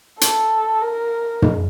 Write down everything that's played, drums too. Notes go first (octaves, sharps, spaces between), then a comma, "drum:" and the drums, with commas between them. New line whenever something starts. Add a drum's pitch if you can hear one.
A4, drum: hi-hat
A#4
drum: tom